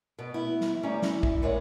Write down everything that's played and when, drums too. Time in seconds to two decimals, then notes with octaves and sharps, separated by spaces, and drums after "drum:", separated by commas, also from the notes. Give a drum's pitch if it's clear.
0.19 B2 B3
0.34 B3 E4
0.61 drum: snare
0.83 D2 G3 C#4 A#5
1.02 E4, drum: snare
1.23 drum: kick
1.42 A#2 G#3 C#5 F#5